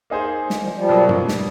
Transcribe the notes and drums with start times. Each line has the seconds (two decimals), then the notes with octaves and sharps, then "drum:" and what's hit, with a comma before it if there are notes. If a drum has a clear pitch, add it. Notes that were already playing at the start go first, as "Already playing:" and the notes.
0.10 A#3 D#4 G#4 C5
0.50 D#3 F3, drum: snare
0.63 F3 G3
0.76 F3 G3
0.89 B2 F#3 A#3
1.09 drum: tom F#2
1.28 drum: snare